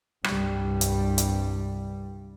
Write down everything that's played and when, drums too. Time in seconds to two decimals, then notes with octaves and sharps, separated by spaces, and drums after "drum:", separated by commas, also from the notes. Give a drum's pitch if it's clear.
0.24 C2 G2 G3, drum: rim click
0.81 drum: hi-hat
1.18 drum: hi-hat